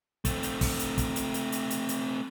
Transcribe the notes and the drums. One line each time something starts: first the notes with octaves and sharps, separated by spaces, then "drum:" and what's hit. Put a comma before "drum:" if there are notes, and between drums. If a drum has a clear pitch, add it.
A3 C4, drum: kick, hi-hat
drum: hi-hat
drum: kick, open hi-hat
drum: hi-hat
drum: kick, hi-hat
drum: hi-hat
drum: hi-hat
drum: hi-hat
drum: hi-hat
drum: hi-hat